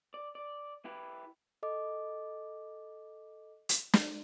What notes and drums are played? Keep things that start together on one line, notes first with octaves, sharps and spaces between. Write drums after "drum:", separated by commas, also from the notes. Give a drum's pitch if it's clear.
D5
D5
E4 G4 B4
A4 D#5 D6
drum: hi-hat
drum: snare